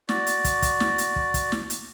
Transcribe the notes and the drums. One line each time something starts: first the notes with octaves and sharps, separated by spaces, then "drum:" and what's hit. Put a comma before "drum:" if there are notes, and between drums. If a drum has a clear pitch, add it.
F#4 D5, drum: snare
drum: hi-hat
drum: kick, hi-hat
drum: kick, hi-hat
drum: snare
drum: hi-hat
drum: kick
drum: kick, hi-hat
drum: snare
drum: hi-hat